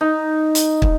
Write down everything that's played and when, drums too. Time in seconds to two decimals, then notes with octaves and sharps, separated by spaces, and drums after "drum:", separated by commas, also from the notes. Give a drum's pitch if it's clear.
0.01 D#4
0.55 drum: hi-hat
0.82 drum: kick